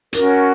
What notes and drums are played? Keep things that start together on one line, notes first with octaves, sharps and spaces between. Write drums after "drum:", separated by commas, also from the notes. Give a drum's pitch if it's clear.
C#4 F#4 A#4, drum: hi-hat